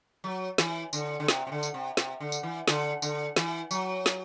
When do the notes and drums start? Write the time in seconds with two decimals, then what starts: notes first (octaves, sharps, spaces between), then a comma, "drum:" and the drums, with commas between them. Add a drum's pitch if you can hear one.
0.24 F#3
0.58 E3, drum: snare
0.93 D3, drum: tambourine
1.20 D3
1.28 C3, drum: snare
1.47 C3
1.52 D3
1.63 drum: tambourine
1.74 C3
1.97 C3, drum: snare
2.20 D3
2.32 drum: tambourine
2.43 E3
2.68 D3, drum: snare
3.02 D3, drum: tambourine
3.36 E3, drum: snare
3.71 F#3, drum: tambourine
4.06 drum: snare